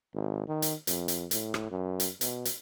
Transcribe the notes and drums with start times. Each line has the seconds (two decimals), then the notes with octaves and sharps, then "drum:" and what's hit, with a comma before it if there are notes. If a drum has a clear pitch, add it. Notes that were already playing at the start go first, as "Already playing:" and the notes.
0.14 G#1
0.48 D#3
0.62 drum: hi-hat
0.87 F2, drum: hi-hat
1.08 drum: hi-hat
1.31 A2, drum: hi-hat
1.54 drum: rim click
1.71 F#2
2.00 drum: hi-hat
2.21 B2, drum: hi-hat
2.45 drum: hi-hat